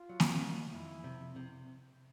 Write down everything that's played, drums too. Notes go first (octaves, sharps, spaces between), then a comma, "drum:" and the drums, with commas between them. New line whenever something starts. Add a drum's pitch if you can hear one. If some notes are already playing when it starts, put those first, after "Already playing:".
Already playing: F4
F#3
drum: snare A#3
D#3
F2 E4
C3
C3